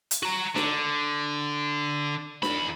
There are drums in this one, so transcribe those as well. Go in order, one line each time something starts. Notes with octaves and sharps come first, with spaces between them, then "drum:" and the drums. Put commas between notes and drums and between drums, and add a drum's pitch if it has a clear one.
drum: hi-hat
F#4 A#5
D3, drum: snare D4
E2 B5, drum: snare D4